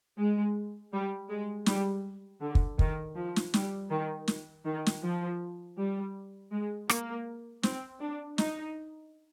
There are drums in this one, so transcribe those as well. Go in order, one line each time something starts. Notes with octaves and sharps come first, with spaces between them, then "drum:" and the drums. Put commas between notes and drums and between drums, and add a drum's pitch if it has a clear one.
G#3
G3
G#3
G3, drum: snare
D3
drum: kick
D#3, drum: kick
F3
drum: snare
G3, drum: snare
D#3
drum: snare
D#3
drum: snare
F3
G3
G#3
A#3, drum: rim click
C4, drum: snare
D4
D#4, drum: snare